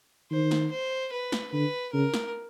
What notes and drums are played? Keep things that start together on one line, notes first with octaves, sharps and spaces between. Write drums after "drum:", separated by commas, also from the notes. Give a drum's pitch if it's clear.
D#3 C5
drum: snare
C5
B4
drum: snare
D3 B4
C#3 A#4
drum: snare